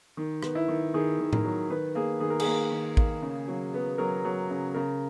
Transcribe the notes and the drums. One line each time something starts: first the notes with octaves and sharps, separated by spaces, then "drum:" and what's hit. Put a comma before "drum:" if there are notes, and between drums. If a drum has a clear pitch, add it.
D#3
B3, drum: rim click
E4
D#3
D#3 G#4
D#3
A#4, drum: tom A2
F#3
D#3 B4
A#3 G#4
D#3 G#4
A#4
G#4, drum: cymbal
A#3
D#3
A#3, drum: kick
C#3
F#3
B3
F#3 A#4
F#3
C#3
C#3 A#4